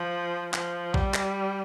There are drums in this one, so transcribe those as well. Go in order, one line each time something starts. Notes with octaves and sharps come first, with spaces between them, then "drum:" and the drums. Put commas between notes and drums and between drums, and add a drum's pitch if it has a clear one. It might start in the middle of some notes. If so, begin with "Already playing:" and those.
Already playing: F3
F3, drum: clap
G3, drum: kick A#1
drum: clap